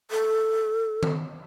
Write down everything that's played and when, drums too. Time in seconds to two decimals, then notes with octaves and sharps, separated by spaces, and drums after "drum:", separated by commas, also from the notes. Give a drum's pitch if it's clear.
0.11 A4
1.03 drum: tom D#3